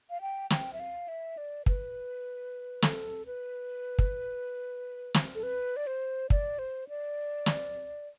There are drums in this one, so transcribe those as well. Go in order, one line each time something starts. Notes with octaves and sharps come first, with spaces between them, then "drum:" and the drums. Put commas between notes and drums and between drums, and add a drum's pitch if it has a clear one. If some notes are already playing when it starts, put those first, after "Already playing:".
F5
G5
G5, drum: snare
E5
F5
E5
D5
B4, drum: kick
A4, drum: snare
B4
drum: kick
drum: snare
A4
B4
D5
C5
D5, drum: kick
C5
D5
drum: snare